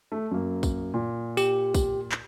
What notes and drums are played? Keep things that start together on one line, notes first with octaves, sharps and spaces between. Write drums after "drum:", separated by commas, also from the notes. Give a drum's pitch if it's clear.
A3
F#2 A#3
drum: kick, tambourine
A#2
G4, drum: tambourine
drum: kick, tambourine
drum: clap